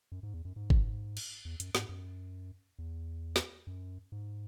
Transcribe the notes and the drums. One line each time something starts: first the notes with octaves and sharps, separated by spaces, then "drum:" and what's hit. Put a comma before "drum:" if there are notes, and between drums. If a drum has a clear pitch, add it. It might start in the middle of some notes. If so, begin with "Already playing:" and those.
F#2
G#2
E2
F#2
G#2
drum: kick G1
drum: cymbal
E2
F#2, drum: hi-hat
G#2, drum: snare
F#2
E2
drum: snare
F#2
G#2